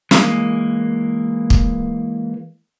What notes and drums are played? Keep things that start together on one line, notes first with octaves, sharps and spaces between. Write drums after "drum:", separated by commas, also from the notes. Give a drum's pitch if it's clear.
E3 G#3 A#3, drum: snare
drum: kick